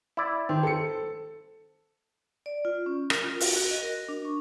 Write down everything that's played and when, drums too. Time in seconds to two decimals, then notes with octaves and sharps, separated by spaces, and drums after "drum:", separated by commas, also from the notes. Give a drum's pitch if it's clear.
0.17 E4 D5
0.49 D#3 C4
0.63 A4 C#7
2.46 D5
2.65 F4
2.86 C#4
3.10 A#4, drum: rim click
3.24 F4
3.40 F#4, drum: open hi-hat
3.56 F#4
3.70 D#5
3.82 A#4
4.08 D4
4.25 C#6